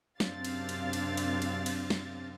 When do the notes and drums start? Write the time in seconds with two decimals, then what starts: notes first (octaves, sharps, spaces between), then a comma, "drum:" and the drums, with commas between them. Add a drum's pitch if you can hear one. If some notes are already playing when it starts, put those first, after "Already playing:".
0.20 F#2 C3 C4 D4 F5 A6, drum: snare
0.44 drum: cymbal
0.69 drum: cymbal
0.93 drum: cymbal
1.17 drum: cymbal
1.42 drum: cymbal
1.66 drum: cymbal
1.90 drum: snare